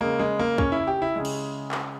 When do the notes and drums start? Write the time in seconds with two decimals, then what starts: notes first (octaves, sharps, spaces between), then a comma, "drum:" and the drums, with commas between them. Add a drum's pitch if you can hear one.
0.01 C#3 G#3 A#3
0.19 G#3
0.39 A#3
0.58 C#4, drum: kick
0.72 E4
0.87 G4
1.02 E4
1.16 C#3 G#3
1.25 drum: cymbal
1.71 drum: clap